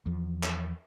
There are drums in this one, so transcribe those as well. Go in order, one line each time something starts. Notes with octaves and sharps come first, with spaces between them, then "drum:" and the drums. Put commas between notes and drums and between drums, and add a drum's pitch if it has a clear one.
E2 F3
drum: clap